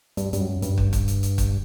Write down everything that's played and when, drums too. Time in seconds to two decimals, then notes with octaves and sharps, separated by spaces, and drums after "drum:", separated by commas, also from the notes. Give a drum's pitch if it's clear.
0.17 G2, drum: hi-hat
0.33 G2, drum: hi-hat
0.40 F#2
0.62 G2, drum: hi-hat
0.78 drum: kick
0.93 drum: kick, hi-hat
1.08 drum: hi-hat
1.23 drum: hi-hat
1.38 drum: kick, hi-hat